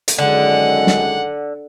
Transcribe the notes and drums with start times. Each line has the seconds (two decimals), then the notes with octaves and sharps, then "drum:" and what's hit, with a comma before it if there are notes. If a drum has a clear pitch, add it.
0.08 drum: hi-hat
0.18 F#2 D3 D#3 G#3 F#5
0.87 drum: snare